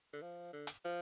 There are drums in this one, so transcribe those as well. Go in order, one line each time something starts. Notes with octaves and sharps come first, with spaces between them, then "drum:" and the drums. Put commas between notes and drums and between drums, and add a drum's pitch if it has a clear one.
D3
F3
D3
drum: hi-hat
F3